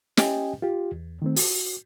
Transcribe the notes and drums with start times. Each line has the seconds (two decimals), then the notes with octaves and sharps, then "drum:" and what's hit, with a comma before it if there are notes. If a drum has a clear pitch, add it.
0.17 C#4 G4 D#5 G5 G#5, drum: snare
0.62 F4 G4
0.92 E2
1.22 D#3 A3 C4
1.36 F#4, drum: open hi-hat